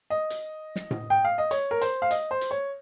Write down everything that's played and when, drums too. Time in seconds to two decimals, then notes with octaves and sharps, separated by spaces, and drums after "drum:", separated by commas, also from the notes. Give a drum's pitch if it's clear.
0.10 D#5
0.30 drum: hi-hat
0.76 drum: snare
0.91 drum: tom A2
1.10 G5
1.25 F5
1.38 D#5
1.51 C#5, drum: hi-hat
1.71 A#4
1.81 C5, drum: hi-hat
2.02 F5
2.11 D#5, drum: hi-hat
2.31 C5
2.41 drum: hi-hat
2.51 C#5